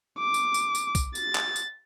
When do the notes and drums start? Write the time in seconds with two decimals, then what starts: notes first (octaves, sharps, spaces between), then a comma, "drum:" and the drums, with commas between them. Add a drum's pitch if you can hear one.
0.19 D6
0.34 drum: tambourine
0.54 drum: tambourine
0.75 drum: tambourine
0.95 drum: kick, tambourine
1.15 A6, drum: tambourine
1.35 drum: clap
1.56 drum: tambourine